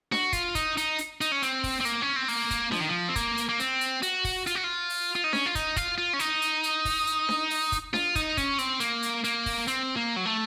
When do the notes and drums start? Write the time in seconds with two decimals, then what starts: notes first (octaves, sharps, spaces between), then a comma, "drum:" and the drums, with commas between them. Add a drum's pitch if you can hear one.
0.12 F#4, drum: snare D4
0.33 F4, drum: kick, hi-hat
0.55 D#4, drum: kick, hi-hat
0.77 D#4, drum: hi-hat
0.98 drum: hi-hat
1.21 D#4, drum: hi-hat
1.32 C#4
1.42 C4, drum: hi-hat
1.64 drum: kick, open hi-hat
1.80 C4
1.85 A#3, drum: hi-hat
2.02 C#4
2.16 C4
2.28 A#3, drum: open hi-hat
2.51 drum: kick, hi-hat
2.72 F3, drum: snare D4
2.80 D#3
2.88 F3
3.09 C4
3.16 A#3, drum: kick, hi-hat
3.37 drum: hi-hat
3.49 A#3
3.60 C4, drum: hi-hat
3.81 drum: hi-hat
4.02 F#4, drum: hi-hat
4.24 drum: kick, open hi-hat
4.47 F4, drum: hi-hat
4.55 F#4
4.64 F4
4.90 drum: open hi-hat
5.15 F4
5.24 D#4
5.33 C#4, drum: snare D4
5.46 F4
5.55 D#4, drum: kick, hi-hat
5.76 F4, drum: kick, hi-hat
5.98 F4
6.13 C#4
6.19 D#4, drum: hi-hat
6.42 drum: hi-hat
6.63 drum: hi-hat
6.85 drum: kick, open hi-hat
7.07 drum: hi-hat
7.29 drum: snare D4
7.50 drum: open hi-hat
7.72 drum: kick, hi-hat
7.94 F4, drum: snare D4
8.15 D#4, drum: kick, hi-hat
8.37 C#4, drum: kick, hi-hat
8.58 C4, drum: hi-hat
8.80 A#3, drum: hi-hat
9.03 drum: hi-hat
9.24 A#3, drum: hi-hat
9.46 drum: kick, open hi-hat
9.68 C4, drum: hi-hat
9.96 A#3
10.16 F#3
10.26 A3